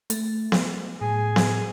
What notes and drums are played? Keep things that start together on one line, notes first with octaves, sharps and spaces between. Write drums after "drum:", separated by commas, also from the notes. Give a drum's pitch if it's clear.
A3, drum: hi-hat
drum: snare B3
A2 G#4
drum: snare B3